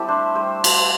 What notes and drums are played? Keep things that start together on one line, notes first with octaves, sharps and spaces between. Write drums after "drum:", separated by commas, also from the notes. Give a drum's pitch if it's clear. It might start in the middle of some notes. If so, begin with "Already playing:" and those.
Already playing: G3 A3 C4 E4 G4 A4
D4 C5
G3 C5
drum: cymbal